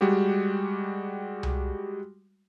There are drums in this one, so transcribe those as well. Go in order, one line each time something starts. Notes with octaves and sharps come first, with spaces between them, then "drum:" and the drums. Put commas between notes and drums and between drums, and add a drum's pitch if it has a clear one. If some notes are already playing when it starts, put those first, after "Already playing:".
G3 G#3 F#4 G4
drum: tom C2